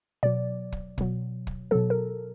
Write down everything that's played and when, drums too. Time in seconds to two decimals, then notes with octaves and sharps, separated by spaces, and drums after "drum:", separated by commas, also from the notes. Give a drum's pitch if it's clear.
0.23 B2 F#3 D5
0.72 drum: kick
0.98 B2 F#3, drum: kick
1.47 drum: kick
1.71 B2 F#3 A4
1.90 A#4